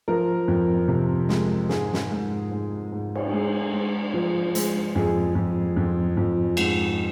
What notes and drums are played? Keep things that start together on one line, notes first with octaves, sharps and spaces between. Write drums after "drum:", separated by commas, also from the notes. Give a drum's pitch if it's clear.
F3 A#4
F2
C3
G#3, drum: snare
G#2 G#4, drum: snare
drum: snare
G#2
G#2
G#2
drum: cymbal
G#3 G#4
G#3
F3
G#3, drum: hi-hat
F2 G#4
F2
F2
F2
G#2, drum: cymbal